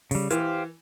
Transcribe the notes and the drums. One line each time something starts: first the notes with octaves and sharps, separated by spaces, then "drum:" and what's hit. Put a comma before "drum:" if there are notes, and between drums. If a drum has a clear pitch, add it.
C#3 G3, drum: open hi-hat
E3 G4 C5 F5, drum: hi-hat